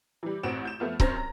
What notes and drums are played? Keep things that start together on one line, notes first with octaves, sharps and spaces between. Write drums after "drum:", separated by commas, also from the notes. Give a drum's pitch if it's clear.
E3 G3
A1 C4 F#4 D7 E7
G6 E7
F3 A3 B3 F4
F#2 C4 C#4 C5 A#6, drum: kick C#1
A#5